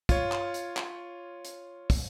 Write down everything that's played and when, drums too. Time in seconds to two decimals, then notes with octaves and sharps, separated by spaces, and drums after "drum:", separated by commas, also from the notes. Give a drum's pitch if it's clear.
0.09 F4 C#5, drum: kick, hi-hat
0.32 drum: clap
0.54 drum: hi-hat
0.77 drum: clap
1.45 drum: hi-hat
1.90 drum: kick, open hi-hat